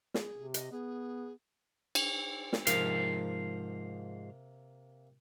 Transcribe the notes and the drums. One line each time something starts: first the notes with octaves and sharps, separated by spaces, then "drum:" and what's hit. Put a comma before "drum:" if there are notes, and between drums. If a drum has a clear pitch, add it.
G#4, drum: snare
C3
D#5, drum: hi-hat
B3 G#4
drum: cymbal
drum: snare
G#2 C3 F3 A#3 A#4 F5, drum: hi-hat